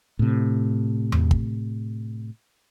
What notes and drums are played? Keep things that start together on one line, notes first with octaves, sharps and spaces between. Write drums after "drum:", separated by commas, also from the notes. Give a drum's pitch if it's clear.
A2 C3
drum: tom E2
drum: kick